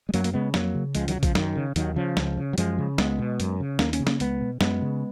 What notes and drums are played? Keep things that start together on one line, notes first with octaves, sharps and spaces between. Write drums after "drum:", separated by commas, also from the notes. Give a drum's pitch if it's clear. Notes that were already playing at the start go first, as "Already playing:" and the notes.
G#3
F#2 F#3 A#3, drum: hi-hat
A#3, drum: hi-hat
C#3 G#3 B3
F2 F#3 A#3, drum: snare
C#3
C#2 F3 G#3, drum: hi-hat
D#3 F#3, drum: hi-hat
C#3
F3, drum: kick, hi-hat
F#2 D#3, drum: snare
C#3
D#2 D#3 F#3, drum: hi-hat
C#3 F3
C#2, drum: snare
C#3
F#3
F#2 F3 G#3, drum: hi-hat
C#3
C#2 G#3 B3, drum: snare
B2
F#2, drum: hi-hat
C#3
D#2 A#3 C#4, drum: snare
A#3 C#4, drum: hi-hat
C#3
A#3 C#4, drum: snare
C#2 G#3 B3, drum: hi-hat
B2
F#2 G#3 B3, drum: snare
C#3